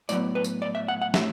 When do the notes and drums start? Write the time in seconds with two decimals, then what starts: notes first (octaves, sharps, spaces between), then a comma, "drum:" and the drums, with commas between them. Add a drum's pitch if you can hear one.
0.09 A2 F#3 B3 D5, drum: tambourine
0.35 B4
0.44 drum: tambourine
0.62 D5
0.75 E5
0.88 F#5
1.02 F#5
1.14 A2 A3 E5, drum: snare